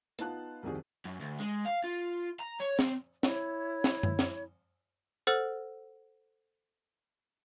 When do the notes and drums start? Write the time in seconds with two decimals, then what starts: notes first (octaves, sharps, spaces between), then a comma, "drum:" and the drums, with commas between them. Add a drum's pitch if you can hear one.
0.19 B3 D#4 F4 A5 F#6, drum: hi-hat
0.63 C2 F2 D#3 F#4 G#4
1.05 F#2
1.20 D2
1.40 G#3
1.66 F5
1.84 F4
2.40 A#5
2.60 C#5
2.79 C4, drum: snare
3.23 E4 C#5, drum: snare
3.84 drum: snare
4.03 drum: tom F#2
4.19 drum: snare
5.27 A4 C5 F#5 E6 F6 A6